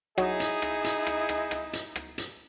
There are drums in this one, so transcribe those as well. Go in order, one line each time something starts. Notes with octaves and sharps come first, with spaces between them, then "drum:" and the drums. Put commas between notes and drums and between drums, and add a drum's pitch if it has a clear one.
F#3 D#4 E4 G#4 D#5, drum: rim click
drum: hi-hat
drum: rim click
drum: hi-hat
drum: rim click
drum: rim click
drum: rim click
drum: hi-hat
drum: rim click
drum: hi-hat